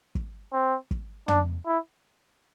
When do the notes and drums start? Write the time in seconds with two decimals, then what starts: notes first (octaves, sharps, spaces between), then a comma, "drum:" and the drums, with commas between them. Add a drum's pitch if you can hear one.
0.15 drum: kick
0.53 C4
0.91 drum: kick
1.28 D4, drum: tom
1.67 E4